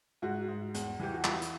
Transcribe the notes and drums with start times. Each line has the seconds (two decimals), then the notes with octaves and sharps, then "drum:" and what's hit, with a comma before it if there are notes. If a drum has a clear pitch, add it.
0.22 G#2 F#4
0.48 G#2
0.74 E2, drum: hi-hat
1.00 E3 G4
1.13 F#4
1.24 E3 F4, drum: clap
1.42 drum: hi-hat